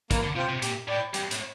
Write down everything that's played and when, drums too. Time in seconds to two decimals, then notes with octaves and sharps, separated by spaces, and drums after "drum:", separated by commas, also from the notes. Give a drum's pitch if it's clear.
0.11 E3 A#3, drum: kick, hi-hat
0.23 D3
0.36 C3 F4 C5 G5
0.49 C3
0.62 A#2 G4, drum: hi-hat
0.88 A2 D5 G5
1.14 G2 G4, drum: hi-hat
1.31 A2, drum: hi-hat